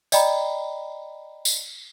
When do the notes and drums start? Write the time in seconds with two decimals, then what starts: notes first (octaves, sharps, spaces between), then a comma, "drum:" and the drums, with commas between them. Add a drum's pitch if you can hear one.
0.12 D5 D#5 G5 A#5 B5, drum: tambourine
1.45 drum: tambourine